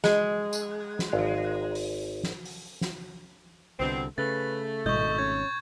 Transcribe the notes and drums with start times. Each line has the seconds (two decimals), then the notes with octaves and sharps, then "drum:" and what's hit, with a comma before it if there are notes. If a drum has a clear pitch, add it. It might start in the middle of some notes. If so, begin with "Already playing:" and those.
0.04 G#3, drum: snare
0.53 drum: tambourine
0.99 drum: snare
1.12 G#1 D5 F5
1.75 drum: open hi-hat
2.23 drum: snare
2.45 drum: open hi-hat
2.81 drum: snare
3.80 C2 B2 D3 C4
4.18 C#3 A3 B4 A6
4.86 G#1 D#5 C#6 G6, drum: tom
5.18 C#4 G#6